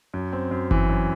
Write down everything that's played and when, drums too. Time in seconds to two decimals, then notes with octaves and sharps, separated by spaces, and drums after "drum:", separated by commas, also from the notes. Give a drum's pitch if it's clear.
0.14 F#2
0.33 C4
0.51 F#2
0.71 E3, drum: kick G1
0.89 F#2